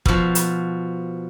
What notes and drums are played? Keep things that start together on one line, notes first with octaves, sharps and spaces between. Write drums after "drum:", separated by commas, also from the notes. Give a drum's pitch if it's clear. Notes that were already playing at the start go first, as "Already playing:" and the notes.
B2 F3, drum: kick
drum: hi-hat